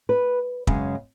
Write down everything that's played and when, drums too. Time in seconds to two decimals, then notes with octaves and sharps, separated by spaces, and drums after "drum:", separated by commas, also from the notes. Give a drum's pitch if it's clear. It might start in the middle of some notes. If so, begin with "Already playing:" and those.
0.09 B4
0.67 F#2 C#3 G#3, drum: kick